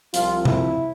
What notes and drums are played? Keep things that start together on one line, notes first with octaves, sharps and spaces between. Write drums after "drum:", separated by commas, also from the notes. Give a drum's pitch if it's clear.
C2 C3 F3 C4 F4, drum: hi-hat
E4, drum: tom C3